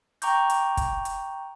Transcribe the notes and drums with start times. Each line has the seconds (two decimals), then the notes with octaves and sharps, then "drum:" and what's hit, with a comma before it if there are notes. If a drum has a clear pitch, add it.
0.22 G5 A#5 C#6 D6 G6, drum: hi-hat
0.50 drum: hi-hat
0.77 drum: kick, hi-hat
1.05 drum: hi-hat